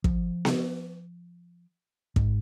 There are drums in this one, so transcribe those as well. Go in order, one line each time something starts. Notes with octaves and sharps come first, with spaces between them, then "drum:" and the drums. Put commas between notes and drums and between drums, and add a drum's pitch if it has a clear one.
F3, drum: kick
drum: snare B3
G#2, drum: kick